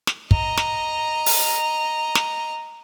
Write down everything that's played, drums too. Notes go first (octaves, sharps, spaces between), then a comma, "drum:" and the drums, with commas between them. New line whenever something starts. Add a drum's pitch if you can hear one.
drum: snare
D#5 A#5, drum: kick
drum: snare
drum: open hi-hat
drum: snare